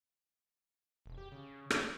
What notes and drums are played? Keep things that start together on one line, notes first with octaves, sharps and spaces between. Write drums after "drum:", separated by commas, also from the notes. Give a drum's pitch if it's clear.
E1
G4
C#3
A3, drum: rim click